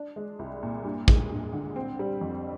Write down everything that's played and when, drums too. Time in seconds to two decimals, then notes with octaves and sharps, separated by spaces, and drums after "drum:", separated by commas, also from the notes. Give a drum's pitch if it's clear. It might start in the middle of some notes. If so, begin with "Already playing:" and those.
Already playing: D4
0.16 G#3
0.39 C2
0.63 A#2
0.84 G2
1.08 G#3, drum: kick
1.30 G2
1.53 D3
1.76 C4
1.99 G3
2.21 F2